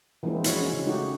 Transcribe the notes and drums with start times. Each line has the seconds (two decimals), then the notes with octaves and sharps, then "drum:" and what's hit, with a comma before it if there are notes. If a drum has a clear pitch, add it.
0.23 E3 F3 G#3 A#3 C4 D4
0.44 G#3 E4 F#4 C#5, drum: hi-hat
0.59 C#4
0.73 C#3
0.86 G#3 A3 D#4 F#4 G4